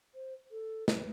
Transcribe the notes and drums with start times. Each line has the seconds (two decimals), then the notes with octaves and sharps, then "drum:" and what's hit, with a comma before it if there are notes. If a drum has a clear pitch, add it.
0.15 C5
0.51 A4
0.88 B4, drum: snare